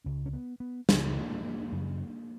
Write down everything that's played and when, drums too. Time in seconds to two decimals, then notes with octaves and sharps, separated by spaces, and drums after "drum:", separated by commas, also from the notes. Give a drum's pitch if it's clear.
0.04 C#2 C#3 C#4
0.26 C#4
0.33 B3
0.60 B3
0.89 C#2 C#3 B3, drum: snare
1.17 A#3
1.44 A#3
1.72 F#2 C#3